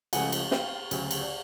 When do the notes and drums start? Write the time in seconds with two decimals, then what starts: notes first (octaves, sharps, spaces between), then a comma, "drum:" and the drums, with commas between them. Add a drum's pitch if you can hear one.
0.13 C#2 C#3 F3 A3 F#5 G#5, drum: cymbal
0.32 drum: cymbal
0.51 F5 G5, drum: snare
0.91 D2 C#3 F#3, drum: cymbal
1.11 drum: cymbal
1.21 D5